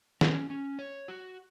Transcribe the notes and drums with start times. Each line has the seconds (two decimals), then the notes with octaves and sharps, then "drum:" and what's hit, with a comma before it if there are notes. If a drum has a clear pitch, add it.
0.21 C#4, drum: snare
0.50 C#4
0.79 C#5
1.08 F#4